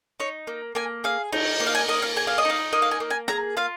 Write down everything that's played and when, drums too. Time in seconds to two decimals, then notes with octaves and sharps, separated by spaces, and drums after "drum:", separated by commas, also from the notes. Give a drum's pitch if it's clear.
0.20 D#4 C#5
0.47 A#3
0.75 A#3 G#5
1.04 G#4 F5
1.32 D#4, drum: cymbal
1.60 A#3
1.67 F5
1.75 G#5
1.89 A#3 D#5
2.02 F5
2.16 G#4 G#5
2.27 F5
2.38 D#5
2.45 D#4 F5
2.73 A#3 D#5
2.82 F5
2.91 G#5
3.00 A#3
3.10 G#5
3.28 G#4 A#5, drum: rim click
3.57 F4 F5